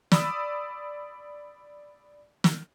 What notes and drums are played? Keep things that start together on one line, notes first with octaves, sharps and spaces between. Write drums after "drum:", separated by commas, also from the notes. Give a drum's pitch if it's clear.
D5 B5 D#6 E6, drum: snare
drum: snare